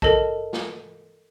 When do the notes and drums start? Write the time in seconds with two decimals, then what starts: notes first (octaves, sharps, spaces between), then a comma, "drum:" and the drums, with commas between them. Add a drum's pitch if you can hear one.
0.02 A4 A#4 D#5 A5, drum: kick A1
0.53 drum: snare